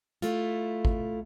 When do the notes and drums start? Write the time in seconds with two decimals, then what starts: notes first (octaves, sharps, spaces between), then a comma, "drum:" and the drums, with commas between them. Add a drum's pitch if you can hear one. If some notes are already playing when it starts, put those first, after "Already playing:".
0.22 A3 E4 F4, drum: hi-hat
0.85 drum: kick